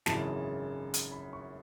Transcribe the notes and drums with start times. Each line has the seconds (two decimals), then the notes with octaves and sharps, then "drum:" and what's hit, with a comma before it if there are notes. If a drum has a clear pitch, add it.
0.06 G#1 F#2 C#3 E3 G#3 A5, drum: snare
0.94 drum: hi-hat
1.12 B5
1.33 C#6